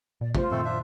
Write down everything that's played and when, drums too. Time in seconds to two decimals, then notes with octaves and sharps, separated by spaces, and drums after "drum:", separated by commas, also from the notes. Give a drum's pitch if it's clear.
0.21 A#2 D5
0.35 A3 F4 C5, drum: kick
0.51 F#2 A#2 D#3 A3 C4 A4
0.65 D4 E5